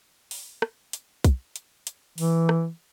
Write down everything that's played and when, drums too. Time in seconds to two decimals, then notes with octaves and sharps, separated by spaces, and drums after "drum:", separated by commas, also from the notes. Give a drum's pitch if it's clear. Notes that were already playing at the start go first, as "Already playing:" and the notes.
0.31 drum: open hi-hat
0.62 drum: rim click
0.93 drum: hi-hat
1.24 drum: kick, hi-hat
1.56 drum: hi-hat
1.87 drum: hi-hat
2.18 E3, drum: open hi-hat
2.49 drum: rim click